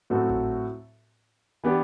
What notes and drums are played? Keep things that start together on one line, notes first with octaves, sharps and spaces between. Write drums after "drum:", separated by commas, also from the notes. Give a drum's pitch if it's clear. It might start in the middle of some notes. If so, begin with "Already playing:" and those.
A2 F#3 C4 F#4 A4
drum: kick G#1
E3 B3 D4 G4